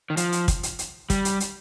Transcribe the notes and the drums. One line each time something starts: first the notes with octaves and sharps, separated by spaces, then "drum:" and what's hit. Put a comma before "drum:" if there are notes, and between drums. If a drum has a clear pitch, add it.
D#3
F3, drum: hi-hat
drum: hi-hat
drum: kick, hi-hat
drum: hi-hat
drum: hi-hat
G3, drum: kick, hi-hat
drum: hi-hat
drum: hi-hat